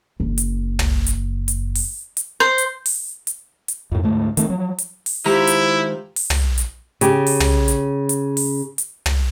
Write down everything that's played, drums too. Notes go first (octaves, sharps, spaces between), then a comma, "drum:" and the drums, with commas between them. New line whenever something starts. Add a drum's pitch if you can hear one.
F#1
drum: hi-hat
drum: tom
drum: hi-hat
drum: hi-hat
drum: open hi-hat
drum: hi-hat
C5
drum: hi-hat
drum: open hi-hat
drum: hi-hat
drum: hi-hat
F2 A2
D2 G#2 A3
D#3 A3 C4, drum: hi-hat
F3 F#3
drum: hi-hat
drum: open hi-hat
D#3 G#3 E4 F4 G4 C5 A#5
drum: hi-hat
drum: open hi-hat
drum: tom
drum: hi-hat
C#3 G4, drum: hi-hat
drum: open hi-hat
drum: tom
drum: hi-hat
drum: hi-hat
drum: open hi-hat
drum: hi-hat
drum: tom